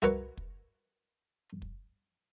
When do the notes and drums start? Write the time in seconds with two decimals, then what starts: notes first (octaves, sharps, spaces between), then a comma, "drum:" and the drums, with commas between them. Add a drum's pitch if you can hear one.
0.02 E4 F#4 A#4 B4 C#5, drum: tom C2
0.37 drum: kick
1.62 drum: kick